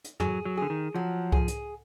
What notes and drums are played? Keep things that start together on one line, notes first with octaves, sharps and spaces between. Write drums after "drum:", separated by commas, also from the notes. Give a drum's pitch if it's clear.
drum: hi-hat
F#3 G#4, drum: tom
F#3
D3 G#4
D#3
F3 F#3
G#4, drum: kick C2
drum: hi-hat